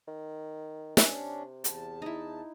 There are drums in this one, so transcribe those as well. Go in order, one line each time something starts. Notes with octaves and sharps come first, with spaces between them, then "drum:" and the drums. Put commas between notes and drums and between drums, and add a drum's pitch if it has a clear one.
D#3
C3 C#4 D4, drum: snare
E2 A5, drum: hi-hat
D#4 E4